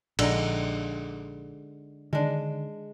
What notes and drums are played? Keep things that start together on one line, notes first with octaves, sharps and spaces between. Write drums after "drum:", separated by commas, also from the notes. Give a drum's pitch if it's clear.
A#1 D3 G#3 D#4, drum: cymbal
D3 D#3 G#3 D4